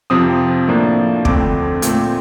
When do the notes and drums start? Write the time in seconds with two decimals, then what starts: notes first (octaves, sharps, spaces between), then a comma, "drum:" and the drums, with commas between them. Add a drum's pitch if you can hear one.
0.10 F2 C3 F3 C4 D#6
0.68 A2 F3 A#3 D4
1.25 F2 D3 A3 C4 D6, drum: kick
1.82 A#2 A3 C4, drum: hi-hat